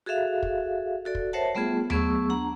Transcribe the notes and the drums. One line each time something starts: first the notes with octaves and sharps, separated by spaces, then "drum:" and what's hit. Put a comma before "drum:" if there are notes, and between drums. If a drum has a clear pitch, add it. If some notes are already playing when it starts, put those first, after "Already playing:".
F#4 G#4 A4 E5 F5
drum: kick
F#4 A4 D5
drum: kick
A#4 C5 C#5 E5 F#5 A5
G3 A3 B3 F4 G#4
F#3 A3 B3 G#4 C#6 E6, drum: tom D#2
D4 F#5 A#5